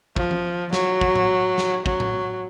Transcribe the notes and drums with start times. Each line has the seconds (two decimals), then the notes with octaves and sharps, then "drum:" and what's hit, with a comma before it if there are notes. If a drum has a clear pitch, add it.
0.16 F3, drum: kick
0.31 drum: tom E3
0.73 F#3, drum: snare
1.01 drum: kick
1.15 drum: tom A2
1.58 drum: snare
1.86 F#3, drum: kick
2.00 drum: tom A2